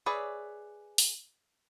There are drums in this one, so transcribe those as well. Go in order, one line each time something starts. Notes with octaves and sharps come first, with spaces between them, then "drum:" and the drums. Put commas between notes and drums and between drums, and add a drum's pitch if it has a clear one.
G#4 B4 C#5 D5 E5
drum: open hi-hat